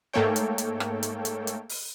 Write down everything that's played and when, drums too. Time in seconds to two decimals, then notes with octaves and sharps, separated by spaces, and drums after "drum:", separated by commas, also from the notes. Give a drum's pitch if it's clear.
0.13 G#2 A3 A#3 A4 C#5 G5
0.36 drum: hi-hat
0.58 drum: hi-hat
0.80 drum: rim click
1.03 drum: hi-hat
1.25 drum: hi-hat
1.47 drum: hi-hat
1.69 drum: open hi-hat